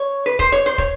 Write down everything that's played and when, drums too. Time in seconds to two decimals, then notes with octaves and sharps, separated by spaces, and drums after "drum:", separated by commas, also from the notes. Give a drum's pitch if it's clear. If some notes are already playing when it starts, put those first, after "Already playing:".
Already playing: C#5
0.26 B4
0.39 C5, drum: kick
0.52 C#5
0.66 C5
0.78 C#5, drum: kick